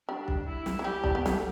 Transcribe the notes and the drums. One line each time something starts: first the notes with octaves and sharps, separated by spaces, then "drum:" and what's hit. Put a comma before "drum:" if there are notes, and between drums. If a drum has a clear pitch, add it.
G3 D4
drum: kick B1
E4
drum: snare
E3
G3 G4
D4, drum: kick B1
B3
A3, drum: snare